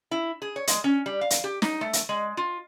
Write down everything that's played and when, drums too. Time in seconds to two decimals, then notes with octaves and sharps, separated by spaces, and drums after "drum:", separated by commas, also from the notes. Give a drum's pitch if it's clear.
0.11 E4
0.42 G#4
0.56 C#5
0.67 G#3, drum: hi-hat
0.84 C#4
1.06 G3
1.21 F5
1.30 drum: hi-hat
1.44 G4
1.62 D#4, drum: snare
1.81 A3
1.93 drum: hi-hat
2.09 G#3
2.37 F4